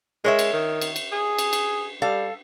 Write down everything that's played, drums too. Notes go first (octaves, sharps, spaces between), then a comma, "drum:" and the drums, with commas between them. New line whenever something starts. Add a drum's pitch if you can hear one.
G#3 A#4 C#5 E5
drum: cymbal
D#3
drum: cymbal
drum: cymbal
G#4
drum: cymbal
drum: cymbal
G3 A4 F5